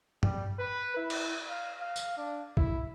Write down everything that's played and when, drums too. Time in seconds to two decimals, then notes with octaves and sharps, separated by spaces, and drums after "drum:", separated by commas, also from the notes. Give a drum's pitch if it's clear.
0.23 G3, drum: tom G2
0.59 B4
0.97 E4
1.10 drum: cymbal
1.49 F5
1.81 F5
1.96 drum: tambourine
2.17 D4
2.57 E4, drum: kick B1